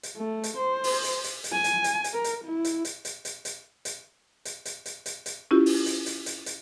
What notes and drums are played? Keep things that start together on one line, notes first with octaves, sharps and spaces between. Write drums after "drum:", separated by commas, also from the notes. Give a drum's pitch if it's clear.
drum: hi-hat
A3
drum: hi-hat
C5
drum: open hi-hat
drum: hi-hat
drum: hi-hat
drum: hi-hat
G#5
drum: hi-hat
drum: hi-hat
drum: hi-hat
A#4
drum: hi-hat
E4
drum: hi-hat
drum: hi-hat
drum: hi-hat
drum: hi-hat
drum: hi-hat
drum: hi-hat
drum: hi-hat
drum: hi-hat
drum: hi-hat
drum: hi-hat
drum: hi-hat
C#4 E4 F4 G4
drum: open hi-hat
drum: hi-hat
drum: hi-hat
drum: hi-hat
drum: hi-hat